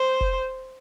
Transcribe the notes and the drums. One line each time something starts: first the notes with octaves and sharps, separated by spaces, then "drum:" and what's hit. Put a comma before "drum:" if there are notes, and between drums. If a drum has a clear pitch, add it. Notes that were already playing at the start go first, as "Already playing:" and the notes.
Already playing: C5
drum: kick F1